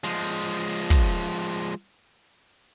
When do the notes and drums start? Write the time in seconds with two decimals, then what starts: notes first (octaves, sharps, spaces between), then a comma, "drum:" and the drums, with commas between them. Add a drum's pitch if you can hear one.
0.04 F3 G#3
0.90 drum: kick